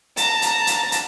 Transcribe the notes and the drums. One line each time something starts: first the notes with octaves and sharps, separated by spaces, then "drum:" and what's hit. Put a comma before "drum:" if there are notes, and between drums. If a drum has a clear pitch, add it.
A5 A#5, drum: hi-hat
drum: hi-hat
drum: hi-hat
drum: hi-hat